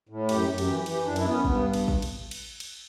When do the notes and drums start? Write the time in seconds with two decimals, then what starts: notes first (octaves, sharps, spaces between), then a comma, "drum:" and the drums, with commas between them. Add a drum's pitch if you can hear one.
0.09 A2
0.29 F#2 G4, drum: cymbal
0.49 F#2
0.58 G4, drum: cymbal
0.67 E3
0.86 E3 G4, drum: cymbal
1.05 F#2 D4
1.16 E4, drum: cymbal
1.25 B3
1.31 C#4
1.45 G2 B3, drum: kick
1.73 drum: cymbal
1.88 drum: kick
2.02 drum: cymbal
2.31 drum: cymbal
2.60 drum: cymbal